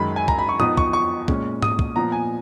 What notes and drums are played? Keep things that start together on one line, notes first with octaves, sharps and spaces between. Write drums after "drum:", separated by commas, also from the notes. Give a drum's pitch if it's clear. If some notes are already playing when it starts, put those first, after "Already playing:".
Already playing: F#2 D#3 G#3 B5
G#5
A#5, drum: kick
B5
C#6
F2 F3 B3 D#4 D#6, drum: tom A2
C#6, drum: kick
C#6
A#2 G#3 C#4, drum: kick
D#6, drum: tom G#2
drum: kick
A#2 F3 B3 A#5
G#5